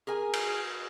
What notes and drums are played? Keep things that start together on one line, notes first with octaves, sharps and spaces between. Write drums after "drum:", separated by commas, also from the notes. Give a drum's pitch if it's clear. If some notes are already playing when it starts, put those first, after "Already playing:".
G#4 A#4 G#5
drum: cymbal